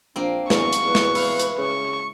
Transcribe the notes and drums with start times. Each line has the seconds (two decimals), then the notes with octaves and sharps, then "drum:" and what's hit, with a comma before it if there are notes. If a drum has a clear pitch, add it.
0.16 A#1 A#3 C4 D4
0.50 E2 F#3 G#3 F4 C#6, drum: snare
0.73 drum: hi-hat
0.84 E2 B4
0.95 drum: snare
1.15 E4 F5, drum: open hi-hat
1.39 drum: hi-hat
1.58 C#3 C#6